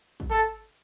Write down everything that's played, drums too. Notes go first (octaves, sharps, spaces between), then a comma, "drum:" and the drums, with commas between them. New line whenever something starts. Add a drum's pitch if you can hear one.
drum: kick
A4